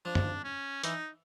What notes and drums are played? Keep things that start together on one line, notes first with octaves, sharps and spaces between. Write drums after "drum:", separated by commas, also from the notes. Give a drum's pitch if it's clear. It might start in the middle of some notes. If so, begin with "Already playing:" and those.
F3 D4
drum: tom F#2
C#4
E3 D#4, drum: hi-hat